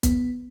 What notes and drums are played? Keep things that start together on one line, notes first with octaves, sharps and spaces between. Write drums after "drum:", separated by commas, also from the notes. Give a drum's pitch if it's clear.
B3, drum: kick, hi-hat